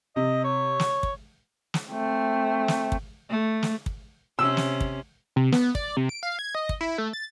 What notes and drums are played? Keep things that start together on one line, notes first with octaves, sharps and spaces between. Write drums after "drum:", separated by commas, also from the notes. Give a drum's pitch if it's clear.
C3 D#5
C#5
drum: snare
drum: kick
drum: snare
A3 C4
drum: snare
drum: kick
A3
drum: snare
drum: kick
C3 C#4 E6
drum: snare
drum: kick
C3
B3, drum: snare
D5, drum: kick
C3
D7
F5
G#6
D#5
drum: kick
E4
A3
A6